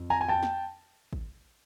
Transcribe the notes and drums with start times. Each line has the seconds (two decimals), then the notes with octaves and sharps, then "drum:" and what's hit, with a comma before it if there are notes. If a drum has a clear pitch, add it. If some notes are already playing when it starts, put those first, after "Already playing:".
Already playing: F2
0.10 G#5 A#5
0.21 G#5
0.28 G5 A5
0.43 drum: snare
1.13 drum: kick